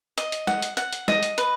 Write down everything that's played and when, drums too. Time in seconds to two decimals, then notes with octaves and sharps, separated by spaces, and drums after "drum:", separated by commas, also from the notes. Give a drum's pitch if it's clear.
0.18 D#5, drum: hi-hat
0.32 drum: hi-hat
0.47 F#5, drum: snare
0.62 drum: hi-hat
0.77 F#5, drum: hi-hat
0.93 drum: hi-hat
1.08 D#5, drum: snare
1.23 drum: hi-hat
1.38 B4, drum: hi-hat